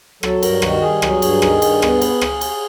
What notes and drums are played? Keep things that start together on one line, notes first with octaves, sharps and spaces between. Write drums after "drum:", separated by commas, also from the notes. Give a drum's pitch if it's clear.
F#3 A4, drum: rim click
G2 A#4, drum: cymbal
D#3 F#4, drum: rim click
G2 G#4
F#3, drum: rim click
G2, drum: cymbal
D#3, drum: rim click
G2, drum: cymbal
B3, drum: rim click
drum: cymbal
drum: rim click
drum: cymbal